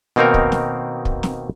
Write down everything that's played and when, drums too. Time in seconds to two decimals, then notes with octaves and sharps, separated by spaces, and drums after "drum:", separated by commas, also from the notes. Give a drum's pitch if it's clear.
0.16 B2 D#3 A#3 C4 D#4 A#4
0.34 drum: kick
0.52 drum: snare
1.05 drum: kick
1.23 drum: snare